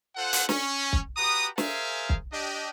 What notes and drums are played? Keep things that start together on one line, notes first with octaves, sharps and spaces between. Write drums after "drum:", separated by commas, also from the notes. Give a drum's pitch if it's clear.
F4 A4 C5 F#5
drum: hi-hat
C#4, drum: snare
drum: kick
F#4 G4 B4 A#5 D#6
G#4 A#4 C5 E5 F5 G#5, drum: snare
drum: kick
D4 G4 D#5